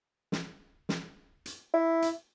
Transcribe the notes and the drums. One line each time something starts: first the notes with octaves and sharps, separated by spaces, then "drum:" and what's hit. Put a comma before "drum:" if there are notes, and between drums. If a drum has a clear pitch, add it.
drum: snare
drum: snare
drum: hi-hat
E4
drum: hi-hat